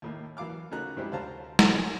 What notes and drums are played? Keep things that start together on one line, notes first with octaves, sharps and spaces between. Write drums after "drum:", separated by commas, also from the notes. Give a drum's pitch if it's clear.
D#2 A2 A#3
E3 F#3 F5 D6 F6
C#3 A3 D#4 F#4 A#5 F#6
G2 F3 G#3 C4 E4 G4
D2 C5 F5 A5 A#5
drum: snare
G#4